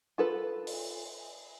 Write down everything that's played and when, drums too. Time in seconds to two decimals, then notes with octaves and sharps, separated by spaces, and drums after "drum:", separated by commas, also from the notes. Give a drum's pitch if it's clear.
0.18 F4 A4 B4
0.67 drum: open hi-hat